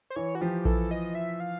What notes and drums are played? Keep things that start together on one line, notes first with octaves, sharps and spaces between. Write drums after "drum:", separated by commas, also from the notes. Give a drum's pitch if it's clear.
C5
E3 C#5
F#4
F3 G4
E3 A4, drum: kick A#1
D#5
E5
F5